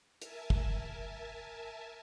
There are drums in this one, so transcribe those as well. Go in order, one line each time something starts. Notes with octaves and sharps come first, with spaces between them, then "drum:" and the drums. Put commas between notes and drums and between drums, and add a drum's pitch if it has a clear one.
A#4 E5 G#5 A5, drum: hi-hat
drum: kick